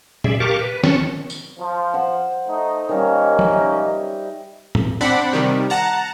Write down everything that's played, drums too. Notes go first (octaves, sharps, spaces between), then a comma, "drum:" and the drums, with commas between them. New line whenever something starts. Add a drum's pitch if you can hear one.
G#4 D5 E5, drum: tom
G4 A#4 F5 A5 C#6 D6
B4
C#4 A5 C#6, drum: snare
drum: tambourine
F3
C5 F#5
A3 D#4
A#2 D#3 G3 A#3 C#4
drum: tom
D#4 D#5 E5
drum: tom
C4 D4 D5 F#5 B5
C3 D#3 G3
F#5 A5 A#5